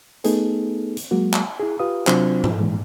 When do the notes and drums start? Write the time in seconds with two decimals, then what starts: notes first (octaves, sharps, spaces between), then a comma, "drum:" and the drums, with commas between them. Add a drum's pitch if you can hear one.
0.24 A3 B3 D#4 G#4 A4, drum: hi-hat
0.97 drum: hi-hat
1.11 F#3 G#3 A#3 F#4
1.34 drum: clap
1.60 E4 G#4
1.79 F4 G4 B4 F5 D#6
2.07 C3 F#3 C4 D4 F4 C5, drum: clap
2.44 drum: tom G#2
2.59 A#2 E3 G#3